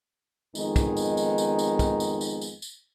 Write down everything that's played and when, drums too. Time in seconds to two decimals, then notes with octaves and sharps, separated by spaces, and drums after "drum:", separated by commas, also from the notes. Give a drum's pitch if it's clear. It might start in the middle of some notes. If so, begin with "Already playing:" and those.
0.55 F2 D#3 G#3 B3 D#4, drum: tambourine
0.76 drum: kick, tambourine
0.97 drum: tambourine
1.17 drum: tambourine
1.38 drum: tambourine
1.59 drum: tambourine
1.79 drum: kick, tambourine
2.00 drum: tambourine
2.21 drum: tambourine
2.41 drum: tambourine
2.62 drum: tambourine